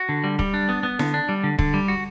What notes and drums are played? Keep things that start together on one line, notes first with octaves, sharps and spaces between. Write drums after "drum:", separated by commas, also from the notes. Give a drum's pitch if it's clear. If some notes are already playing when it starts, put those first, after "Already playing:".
Already playing: F#4
D3
G3
G3, drum: kick
D4
B3
B3
D3, drum: snare E4
D4
G3
D3
D3, drum: kick
G3
F#4